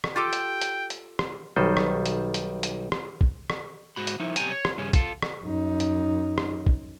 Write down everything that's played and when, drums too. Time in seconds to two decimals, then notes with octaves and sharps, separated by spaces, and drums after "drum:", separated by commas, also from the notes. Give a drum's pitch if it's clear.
0.04 drum: rim click
0.16 F4 G4 A4 G5
0.33 drum: hi-hat
0.61 drum: hi-hat
0.90 drum: hi-hat
1.19 drum: rim click
1.56 B1 D#3 G3 A4 C5 D#5
1.77 drum: rim click
2.06 drum: hi-hat
2.34 drum: hi-hat
2.63 drum: hi-hat
2.92 drum: rim click
3.21 drum: kick
3.50 drum: rim click
3.96 G#2 F#4 B5
4.07 drum: hi-hat
4.20 F3 D#4 E4
4.36 B1 C3 G3 G5 G#5 A#5, drum: hi-hat
4.51 C#5
4.65 drum: rim click
4.78 G2 C#3 C#4
4.93 F4 A4, drum: kick, hi-hat
5.22 drum: rim click
5.44 F#2 D#4
5.80 drum: hi-hat
6.38 drum: rim click
6.66 drum: kick